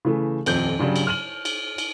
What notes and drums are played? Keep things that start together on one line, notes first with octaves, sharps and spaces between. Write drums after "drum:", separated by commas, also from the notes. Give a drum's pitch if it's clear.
C#3 E3 A3
D#1 F2 C4 G6, drum: cymbal
G2 C#3 F#3 G3
drum: cymbal
F6 D#7 F#7
drum: cymbal
drum: cymbal